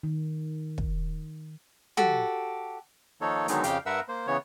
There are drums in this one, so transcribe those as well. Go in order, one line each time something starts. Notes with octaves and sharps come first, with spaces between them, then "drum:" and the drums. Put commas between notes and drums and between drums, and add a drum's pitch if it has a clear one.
D#3
drum: kick
F#4 G4 A4, drum: tom
D#3 F3 A#3 D#4 A4 C#5
D3 D#3 F#3 G#3 B3 D#4, drum: hi-hat
F2 C#3 G4 F5 G5, drum: hi-hat
G2 A#4 B4 E5 F#5 E6
A#3 C5
C#3 E3 B3 C#5